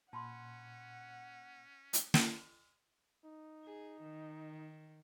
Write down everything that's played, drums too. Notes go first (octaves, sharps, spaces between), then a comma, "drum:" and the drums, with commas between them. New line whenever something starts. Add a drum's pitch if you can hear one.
A#2 C#4 F#5 A5 B5 C6
drum: hi-hat
drum: snare
D#4
G#4
D#3